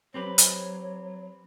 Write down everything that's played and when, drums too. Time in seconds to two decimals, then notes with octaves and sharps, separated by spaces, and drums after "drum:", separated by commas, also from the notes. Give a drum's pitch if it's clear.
0.14 F#3 C4 G4 B4 C#5
0.38 drum: hi-hat